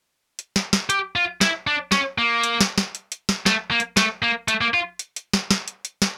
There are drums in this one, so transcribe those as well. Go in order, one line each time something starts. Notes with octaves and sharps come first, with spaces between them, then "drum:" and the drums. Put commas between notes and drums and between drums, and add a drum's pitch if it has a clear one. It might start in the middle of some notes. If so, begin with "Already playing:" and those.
drum: hi-hat
drum: snare
drum: snare
G4, drum: hi-hat
F4
E4, drum: snare
D4
C#4, drum: snare
A#3
drum: hi-hat
drum: snare
drum: snare
drum: hi-hat
drum: hi-hat
drum: snare
A3, drum: snare
A#3
drum: hi-hat
A3, drum: snare
A#3
A3, drum: hi-hat
A#3
F4
drum: hi-hat
drum: hi-hat
drum: snare
drum: snare
drum: hi-hat
drum: hi-hat
drum: snare